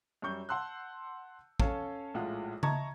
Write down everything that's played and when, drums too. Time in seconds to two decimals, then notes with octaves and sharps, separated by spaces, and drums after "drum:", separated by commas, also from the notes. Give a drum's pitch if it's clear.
0.22 F#2 G3 C#6 G6
0.49 F#5 A5 C6 E6 F#6
1.60 C#4 A4 C#5 F5 A5, drum: kick
2.14 A#1 A2 G#3 F4 F#5
2.63 D#5 E5 A5 A#5 C#6 G#6, drum: tom C#3